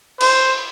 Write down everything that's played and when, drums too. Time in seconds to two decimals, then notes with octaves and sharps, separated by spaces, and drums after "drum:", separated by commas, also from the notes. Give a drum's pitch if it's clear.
0.21 C5, drum: cymbal